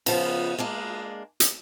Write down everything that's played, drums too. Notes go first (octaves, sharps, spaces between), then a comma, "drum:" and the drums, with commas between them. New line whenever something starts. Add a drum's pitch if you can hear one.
C#3 F3 B3, drum: cymbal
G#3 A#3 D4
drum: hi-hat